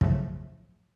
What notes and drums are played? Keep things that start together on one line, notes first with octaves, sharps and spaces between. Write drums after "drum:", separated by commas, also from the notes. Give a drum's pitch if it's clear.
G#1 A2 C#3 F3 F#3 A3, drum: kick